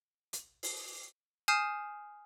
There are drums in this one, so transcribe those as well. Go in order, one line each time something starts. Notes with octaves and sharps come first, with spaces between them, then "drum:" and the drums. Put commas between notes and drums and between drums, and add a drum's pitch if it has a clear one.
drum: hi-hat
drum: open hi-hat
G#5 D#6 F6 G6 C7 E7